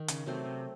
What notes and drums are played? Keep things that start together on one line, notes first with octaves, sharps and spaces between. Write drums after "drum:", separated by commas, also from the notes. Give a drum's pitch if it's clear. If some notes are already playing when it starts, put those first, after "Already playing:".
Already playing: D#3
C#3, drum: hi-hat
C3 F#3 A3 C4
C3